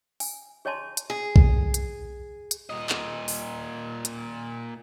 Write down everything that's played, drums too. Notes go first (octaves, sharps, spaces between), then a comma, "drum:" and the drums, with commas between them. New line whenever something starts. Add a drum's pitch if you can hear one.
G#5, drum: open hi-hat
G#4 C#5 D5 G#5 A5 C6
drum: hi-hat
G#4
drum: kick B1
drum: hi-hat
drum: hi-hat
A#2 D#5
drum: clap
drum: open hi-hat
drum: hi-hat